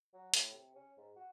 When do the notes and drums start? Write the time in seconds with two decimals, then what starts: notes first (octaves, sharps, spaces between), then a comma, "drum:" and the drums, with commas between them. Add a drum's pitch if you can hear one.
0.14 F#3
0.34 A2, drum: hi-hat
0.52 C3
0.75 C#4
0.97 G#2
1.16 F#4